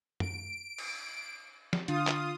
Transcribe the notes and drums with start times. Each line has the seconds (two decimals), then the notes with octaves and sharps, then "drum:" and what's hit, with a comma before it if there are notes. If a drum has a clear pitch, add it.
0.20 D7, drum: tom F#2
0.78 drum: cymbal
1.73 drum: snare
1.88 D3 D4 F4 F5 D#6, drum: hi-hat
2.07 drum: clap